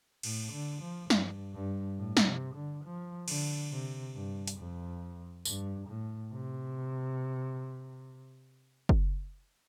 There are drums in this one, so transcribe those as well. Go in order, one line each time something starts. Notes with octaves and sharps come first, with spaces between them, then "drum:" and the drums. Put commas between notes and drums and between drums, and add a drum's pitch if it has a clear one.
A2, drum: cymbal
D3
F3
G2, drum: snare
G2
A2
drum: snare
C3
D3
F3
D3, drum: cymbal
C3
G2
drum: hi-hat
F2
G2, drum: tambourine
A2
C3
drum: kick F#1